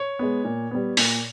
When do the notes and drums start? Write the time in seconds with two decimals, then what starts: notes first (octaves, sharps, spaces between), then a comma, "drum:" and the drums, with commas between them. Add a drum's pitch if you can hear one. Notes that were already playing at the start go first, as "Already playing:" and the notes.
Already playing: C#5
0.19 G#3 B3
0.45 A#2
0.71 G3 B3
0.97 A#2, drum: open hi-hat